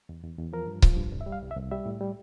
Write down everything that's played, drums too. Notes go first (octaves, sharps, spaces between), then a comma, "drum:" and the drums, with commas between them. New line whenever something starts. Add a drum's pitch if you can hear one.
E2
E2
E2
F3 A#4
G2
F3, drum: kick C#1
G2
C2
E5
G3
F5
C2
E5
C2
G3 E5
A2
G3